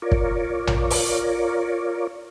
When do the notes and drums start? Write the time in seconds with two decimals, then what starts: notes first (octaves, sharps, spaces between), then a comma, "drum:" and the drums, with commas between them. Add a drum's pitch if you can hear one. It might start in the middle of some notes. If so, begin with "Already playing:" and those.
0.02 F4 A#4 C#5 D5
0.12 drum: kick
0.67 drum: tom A#1
0.90 drum: open hi-hat